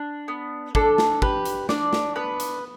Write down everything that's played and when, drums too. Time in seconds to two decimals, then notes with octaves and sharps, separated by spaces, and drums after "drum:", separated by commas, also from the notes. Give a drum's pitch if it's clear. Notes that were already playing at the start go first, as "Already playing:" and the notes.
Already playing: D4
0.28 B3
0.75 D4 A4, drum: kick
0.98 drum: snare
1.22 G4 B4, drum: kick
1.45 drum: hi-hat
1.69 D4 D5, drum: snare
1.93 drum: snare
2.16 B3 B4
2.40 drum: hi-hat